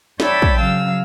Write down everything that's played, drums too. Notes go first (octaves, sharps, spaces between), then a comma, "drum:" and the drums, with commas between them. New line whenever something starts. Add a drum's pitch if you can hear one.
C#5 D5 E5 G5 A5 B5, drum: snare
drum: kick
C#3 F#3 F5 E6